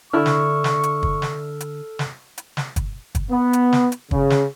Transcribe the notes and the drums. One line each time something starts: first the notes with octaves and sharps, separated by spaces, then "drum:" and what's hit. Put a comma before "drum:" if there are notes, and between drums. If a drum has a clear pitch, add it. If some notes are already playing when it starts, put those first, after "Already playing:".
D3 D4 E4 A4 E5 C#6 E6 F6
drum: snare
drum: snare
drum: hi-hat
drum: kick
drum: snare
drum: hi-hat
drum: snare
drum: hi-hat
drum: snare
drum: kick, hi-hat
drum: kick, hi-hat
B3
drum: hi-hat
drum: snare
drum: hi-hat
C#3, drum: kick
drum: snare